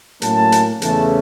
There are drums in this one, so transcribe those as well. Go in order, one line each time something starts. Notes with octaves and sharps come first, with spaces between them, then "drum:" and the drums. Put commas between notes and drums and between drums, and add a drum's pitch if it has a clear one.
A2 F#3 A#3 C#4 A5, drum: hi-hat
drum: hi-hat
E2 C#3 E3 A3 C#4 A5, drum: hi-hat